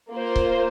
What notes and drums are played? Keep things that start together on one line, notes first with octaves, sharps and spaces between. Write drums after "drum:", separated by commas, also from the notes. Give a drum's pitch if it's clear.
A#3 F4 C5
drum: kick C#1